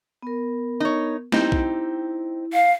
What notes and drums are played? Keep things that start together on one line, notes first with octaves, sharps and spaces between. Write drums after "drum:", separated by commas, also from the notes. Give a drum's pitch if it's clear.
B3 A#4
D#4 C#5
C4 D#4 E4 G4, drum: snare
drum: kick
F5